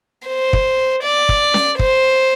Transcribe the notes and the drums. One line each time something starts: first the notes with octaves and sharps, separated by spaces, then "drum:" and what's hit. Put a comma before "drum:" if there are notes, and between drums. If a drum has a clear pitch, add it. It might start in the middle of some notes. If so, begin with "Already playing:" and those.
C5
drum: kick
D5
drum: kick
drum: snare C#4
C5, drum: kick